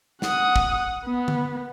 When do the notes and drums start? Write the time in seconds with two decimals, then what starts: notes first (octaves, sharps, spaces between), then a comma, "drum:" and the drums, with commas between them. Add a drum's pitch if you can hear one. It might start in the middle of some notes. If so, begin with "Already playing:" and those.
0.22 F#5 D#6, drum: snare
0.56 drum: kick
1.06 B3
1.28 drum: tom D3